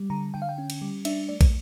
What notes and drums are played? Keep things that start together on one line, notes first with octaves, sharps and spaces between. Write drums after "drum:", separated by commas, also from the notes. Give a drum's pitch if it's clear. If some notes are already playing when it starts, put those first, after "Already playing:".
Already playing: G3
D3 A#5
D3 G5
F5
G5
C#4
drum: cymbal
G3
D4 E5, drum: cymbal
A3 D5
drum: kick, cymbal